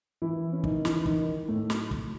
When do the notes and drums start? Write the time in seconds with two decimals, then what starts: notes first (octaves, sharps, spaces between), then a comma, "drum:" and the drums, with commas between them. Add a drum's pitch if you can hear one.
0.22 E3 E4
0.52 C#4
0.64 D#3 D#4, drum: kick
0.85 E3 E4, drum: snare
1.06 D#3 D#4, drum: kick
1.48 A2 A3
1.70 F#3, drum: snare
1.91 drum: kick